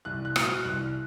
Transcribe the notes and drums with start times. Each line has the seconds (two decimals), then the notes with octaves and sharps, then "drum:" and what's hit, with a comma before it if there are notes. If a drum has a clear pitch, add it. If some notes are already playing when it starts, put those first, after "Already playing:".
0.05 C2 F#6
0.25 F#6
0.36 B2, drum: rim click
0.45 F6
0.65 C2 F#6